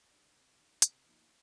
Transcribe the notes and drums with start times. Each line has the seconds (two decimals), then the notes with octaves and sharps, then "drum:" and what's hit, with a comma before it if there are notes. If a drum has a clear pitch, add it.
0.11 D#3 G3 D4
0.35 C3
0.58 D#3 G3 D4
0.82 C3, drum: hi-hat
1.06 F3 A#3 D#4